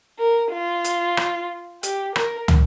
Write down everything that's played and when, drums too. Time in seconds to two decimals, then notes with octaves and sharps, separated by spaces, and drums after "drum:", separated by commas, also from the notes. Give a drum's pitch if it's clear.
0.19 A#4
0.52 F4
0.85 drum: hi-hat
1.17 drum: rim click
1.83 G4, drum: hi-hat
2.16 A#4, drum: rim click
2.48 drum: tom